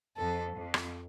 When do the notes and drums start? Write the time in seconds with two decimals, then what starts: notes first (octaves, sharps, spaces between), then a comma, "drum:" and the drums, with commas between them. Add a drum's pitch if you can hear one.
0.17 F2 A4
0.57 F2
0.74 drum: rim click